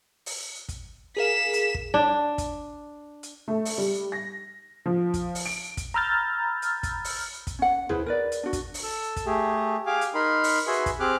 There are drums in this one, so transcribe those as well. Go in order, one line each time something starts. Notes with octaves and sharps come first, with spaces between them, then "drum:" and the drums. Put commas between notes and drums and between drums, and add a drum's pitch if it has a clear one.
drum: open hi-hat
drum: kick, hi-hat
G#4 A#4 F5 B6 E7
drum: hi-hat
drum: kick
D4
drum: kick, hi-hat
drum: hi-hat
A3
drum: open hi-hat
G3
A#6
F3
drum: kick, hi-hat
drum: open hi-hat
D7
drum: kick, hi-hat
A#5 B5 E6 F6 G6 A6
drum: hi-hat
drum: kick, hi-hat
drum: open hi-hat
drum: kick, hi-hat
C#4 F#5
E4 G#4 B4 C5, drum: tom D2
A#4 B4 D5
drum: hi-hat
D4 F#4
drum: kick, hi-hat
drum: open hi-hat
A4 E6
drum: kick, hi-hat
A3 G4 G#4
G4 G#4 F5 G#5 D6
drum: hi-hat
D#4 A#4 B5 C6
drum: open hi-hat
F#4 G#4 B4 E5 G#5 C6
drum: kick, hi-hat
C4 G4 G#4 D6 F6 F#6